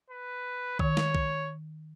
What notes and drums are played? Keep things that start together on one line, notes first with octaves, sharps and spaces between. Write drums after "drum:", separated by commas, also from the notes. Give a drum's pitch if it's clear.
B4
D#3 C#5, drum: kick B1
drum: snare
drum: kick B1